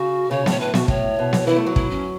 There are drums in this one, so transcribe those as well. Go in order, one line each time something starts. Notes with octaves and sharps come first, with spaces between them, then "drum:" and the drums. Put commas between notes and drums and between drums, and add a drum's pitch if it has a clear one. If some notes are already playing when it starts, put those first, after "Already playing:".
Already playing: C#3 F#4
C#3 C#5
A2 C#5, drum: snare B3
A2 B4
B2 F#4, drum: snare B3
A2 C#5, drum: kick
B2
drum: snare B3
E3 E4
A3
F#3
E4, drum: kick
C#4